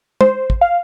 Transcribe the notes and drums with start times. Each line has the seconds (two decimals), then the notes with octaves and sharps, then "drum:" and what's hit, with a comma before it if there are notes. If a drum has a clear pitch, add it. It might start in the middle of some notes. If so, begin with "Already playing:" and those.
0.21 C5, drum: tom
0.50 drum: kick
0.61 F5